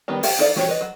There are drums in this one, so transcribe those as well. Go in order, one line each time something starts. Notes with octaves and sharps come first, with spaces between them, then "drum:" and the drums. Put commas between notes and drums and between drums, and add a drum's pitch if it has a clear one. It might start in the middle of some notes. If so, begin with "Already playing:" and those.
D#3 G3 B3 A#5
G4 F5 G5 A5, drum: open hi-hat
D#4 A4 D5 F5
F#4 G4 C#5, drum: snare
B4 D#5
F#3